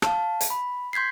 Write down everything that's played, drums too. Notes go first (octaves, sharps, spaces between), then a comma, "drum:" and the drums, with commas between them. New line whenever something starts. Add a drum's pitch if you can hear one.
F5 A5, drum: rim click
drum: hi-hat
B5
C6 G6 G#6 B6 C7